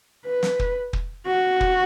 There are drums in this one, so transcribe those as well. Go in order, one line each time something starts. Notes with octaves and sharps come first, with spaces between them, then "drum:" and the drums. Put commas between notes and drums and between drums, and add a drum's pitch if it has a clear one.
B4
drum: snare
drum: kick
drum: kick
F#4
drum: kick